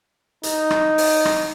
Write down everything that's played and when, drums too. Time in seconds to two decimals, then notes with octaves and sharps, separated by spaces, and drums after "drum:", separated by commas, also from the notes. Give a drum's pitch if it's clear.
0.43 D#4, drum: hi-hat
0.70 drum: rim click
0.98 drum: open hi-hat
1.25 drum: rim click